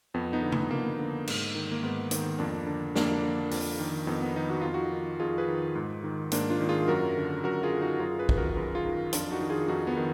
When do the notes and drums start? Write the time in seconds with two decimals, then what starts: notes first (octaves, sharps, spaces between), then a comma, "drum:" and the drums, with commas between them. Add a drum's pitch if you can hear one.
0.14 F2 B3
0.33 B3 D#4
0.42 D3
0.52 B3, drum: tom C3
0.71 F2 A#3
0.99 D3
1.28 G#2, drum: cymbal
1.55 D#3
1.71 A#3
1.83 G#2 B3
2.11 D#3, drum: hi-hat
2.39 F2 A#3 D4
2.67 D3
2.95 F2 A#3 D4, drum: snare
3.23 D3
3.51 F2, drum: open hi-hat
3.79 D#3
4.07 F2 B3 D#4
4.22 B3
4.36 D#3 B3 D#4
4.50 F#4
4.61 F2 F4
4.74 D#4 F#4
4.92 D#3
5.19 F2 F4 G#4
5.38 G#4 B4
5.48 D#3
5.75 G#2
6.04 D#3
6.32 G#2 A#3 D4, drum: hi-hat
6.50 D4 F4
6.60 D#3
6.69 F4 G#4
6.88 F#2 F#4 A#4
7.17 D3
7.44 F#2 F#4 A#4
7.63 F4 G#4
7.73 D3
7.81 D#4 F#4
8.00 F#2 F4 G#4
8.19 G#4 B4
8.29 D#3, drum: kick
8.38 F#4 A#4
8.56 F#2 G#4 B4
8.75 F4 G#4
8.85 D#3
9.13 F2 D4 F4, drum: hi-hat
9.31 D#4 F#4
9.41 D#3
9.50 F4 G#4
9.68 F2 D#4 F#4
9.87 B3
9.97 D#3